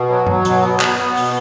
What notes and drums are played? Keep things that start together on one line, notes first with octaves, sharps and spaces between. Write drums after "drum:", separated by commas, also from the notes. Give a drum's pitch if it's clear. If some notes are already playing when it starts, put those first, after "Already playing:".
Already playing: B2
F#3
F#3, drum: tom
B2, drum: hi-hat
B3
B3, drum: clap
B3
B2, drum: open hi-hat